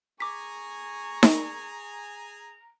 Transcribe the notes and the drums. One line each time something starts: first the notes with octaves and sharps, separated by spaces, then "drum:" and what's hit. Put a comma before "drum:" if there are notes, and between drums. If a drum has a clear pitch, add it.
G#4 G#5 A#5 C#6 D6 B6
drum: snare D#4